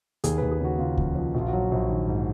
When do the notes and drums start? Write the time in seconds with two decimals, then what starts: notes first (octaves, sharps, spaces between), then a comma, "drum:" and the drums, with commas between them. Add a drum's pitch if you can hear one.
0.24 D#2 G#4, drum: hi-hat
0.38 D#2 B4
0.52 G#4
0.60 C#3 F#4
0.79 C#3 F4
0.97 F3, drum: kick C#2
1.15 F3
1.34 A#1 F#4
1.41 F4
1.48 F#3 F#4
1.71 A#1
1.89 D#3
2.08 G#2